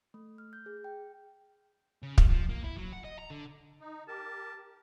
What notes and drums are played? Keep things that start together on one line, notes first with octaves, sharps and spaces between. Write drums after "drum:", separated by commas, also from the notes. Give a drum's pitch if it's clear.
A3
F6
G6
G#4
G5
C#3
G3, drum: kick
F3
A#3
E4
F#3
F#5
D#5
A#5
D3
D#4
G4 A#4 A5